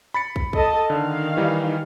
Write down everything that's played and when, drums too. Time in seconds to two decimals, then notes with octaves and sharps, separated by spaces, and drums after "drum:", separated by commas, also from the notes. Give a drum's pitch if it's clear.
0.14 B5 A6 C#7
0.36 drum: kick
0.53 A4 D#5 A5, drum: kick
0.90 D3 D#3 F5
1.37 E3 G3 D#4